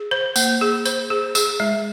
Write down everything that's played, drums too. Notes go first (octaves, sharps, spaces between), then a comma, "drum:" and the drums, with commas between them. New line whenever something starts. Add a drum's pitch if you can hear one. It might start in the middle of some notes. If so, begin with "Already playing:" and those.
Already playing: G#4
C5
A#3, drum: tambourine
G#4
C5, drum: tambourine
G#4
G#4, drum: tambourine
G#3